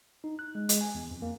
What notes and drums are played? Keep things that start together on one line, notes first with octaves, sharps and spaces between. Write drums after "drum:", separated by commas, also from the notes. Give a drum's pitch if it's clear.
D#4
F#6
G#3
G#3, drum: hi-hat
G#5
E2
F2
A#3